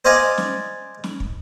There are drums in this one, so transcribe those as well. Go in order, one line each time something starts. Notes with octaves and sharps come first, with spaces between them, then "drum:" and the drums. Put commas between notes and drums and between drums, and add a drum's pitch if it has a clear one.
C5 D5 D#5 F5 G#5
drum: snare
drum: snare
drum: kick